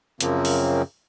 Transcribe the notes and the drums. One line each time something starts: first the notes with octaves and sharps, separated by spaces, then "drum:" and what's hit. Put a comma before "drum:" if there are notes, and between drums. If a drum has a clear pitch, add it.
F#2 C#3 F3 A#3 C4, drum: hi-hat
drum: open hi-hat